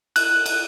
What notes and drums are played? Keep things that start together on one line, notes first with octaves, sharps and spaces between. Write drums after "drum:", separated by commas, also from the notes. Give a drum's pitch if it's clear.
F#6, drum: cymbal
drum: cymbal